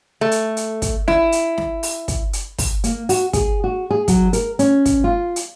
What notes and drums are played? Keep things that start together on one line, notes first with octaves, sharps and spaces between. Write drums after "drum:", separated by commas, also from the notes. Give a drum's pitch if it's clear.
A3
drum: hi-hat
drum: hi-hat
drum: kick, hi-hat
E4, drum: snare
drum: hi-hat
drum: snare
drum: open hi-hat
drum: kick, hi-hat
drum: hi-hat
drum: kick, open hi-hat
A#3, drum: hi-hat
F#4, drum: open hi-hat
G#4, drum: kick, hi-hat
F#4
G#4
F#3, drum: kick, hi-hat
A#4, drum: hi-hat
C#4, drum: hi-hat
drum: kick, hi-hat
F4
drum: hi-hat